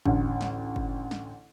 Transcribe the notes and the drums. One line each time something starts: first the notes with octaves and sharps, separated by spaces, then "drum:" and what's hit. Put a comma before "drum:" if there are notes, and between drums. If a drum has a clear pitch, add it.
A1 D2, drum: kick
drum: snare
drum: kick
drum: snare